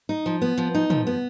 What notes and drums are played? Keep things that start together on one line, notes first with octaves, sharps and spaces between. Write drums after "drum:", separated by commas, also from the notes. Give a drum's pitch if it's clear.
D#4
F3
B3
F3
D#4
F3, drum: tom
B3